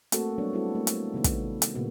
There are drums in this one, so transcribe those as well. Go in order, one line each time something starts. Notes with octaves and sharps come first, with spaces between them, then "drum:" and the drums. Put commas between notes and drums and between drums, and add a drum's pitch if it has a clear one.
A3 A#3 C4 F#4 A4, drum: hi-hat
F#3 G3 B3 D4 C#5
G3 C4 E4 F#4 A4 B4
A3 A#3
drum: hi-hat
C3 D#3 G#3 B3
drum: kick, hi-hat
drum: hi-hat
A#2 C#3 A#3 B3 F#4